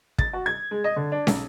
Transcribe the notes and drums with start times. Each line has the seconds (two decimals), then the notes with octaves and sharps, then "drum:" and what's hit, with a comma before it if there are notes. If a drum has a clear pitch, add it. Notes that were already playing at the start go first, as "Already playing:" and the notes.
0.18 A6, drum: kick
0.33 F#4
0.46 G#6
0.71 G#3
0.84 D#5
0.96 D3
1.12 D4
1.27 B1, drum: snare